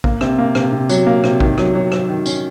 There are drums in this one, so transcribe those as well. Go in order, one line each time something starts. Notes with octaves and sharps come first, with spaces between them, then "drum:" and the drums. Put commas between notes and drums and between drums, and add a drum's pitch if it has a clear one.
A#3, drum: kick A#1
C3, drum: rim click
A#3
C3, drum: rim click
C3
F#3, drum: tambourine
A#3
C3, drum: rim click
D#3, drum: kick A#1
F#3, drum: rim click
F#3
F#3, drum: rim click
D#3
C#4, drum: tambourine